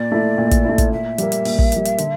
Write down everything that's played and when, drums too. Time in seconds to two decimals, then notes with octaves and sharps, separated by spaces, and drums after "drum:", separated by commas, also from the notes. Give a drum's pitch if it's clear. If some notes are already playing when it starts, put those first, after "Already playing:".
Already playing: A#2 D5
0.12 A3 E4
0.38 A#2
0.51 drum: kick, hi-hat
0.65 A3 E4
0.78 drum: kick, hi-hat
0.91 A#2 E5
1.18 G3 A#3, drum: hi-hat
1.32 drum: hi-hat
1.45 A#2, drum: open hi-hat
1.59 drum: kick
1.72 G3 A#3, drum: hi-hat
1.85 drum: hi-hat
1.98 D3, drum: hi-hat